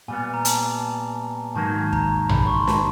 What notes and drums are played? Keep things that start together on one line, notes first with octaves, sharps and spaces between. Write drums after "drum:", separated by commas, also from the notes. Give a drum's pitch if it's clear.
A#2 G3 B3 G#5
A#5
A5, drum: hi-hat
G#2 D#3 F#3 A#3 A5
A#5, drum: kick
B5, drum: tom A#1
C#6
C6
A5, drum: snare